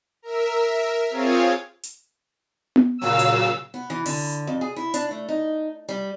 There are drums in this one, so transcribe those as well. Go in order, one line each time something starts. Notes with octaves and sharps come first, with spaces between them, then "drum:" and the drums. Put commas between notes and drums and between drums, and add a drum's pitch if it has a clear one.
A#4 E5
C4 F4 G#4 C#5 F5
drum: hi-hat
drum: tom B3
A#2 C#3 F#3 F5 E6
drum: hi-hat
B3
E3
D3, drum: open hi-hat
F2
G#4
E4
D4, drum: hi-hat
A3
D#4
G3